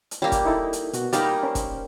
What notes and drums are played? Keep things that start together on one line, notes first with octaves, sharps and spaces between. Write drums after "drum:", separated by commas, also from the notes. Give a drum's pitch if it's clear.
drum: hi-hat
G3 A#3 C#4
drum: kick, hi-hat
D#4 E4 A4
drum: hi-hat
B2 F#4, drum: hi-hat
G3 A#3 D#4 D5 B5 F6, drum: hi-hat
C#4 A#4 C5
drum: kick, hi-hat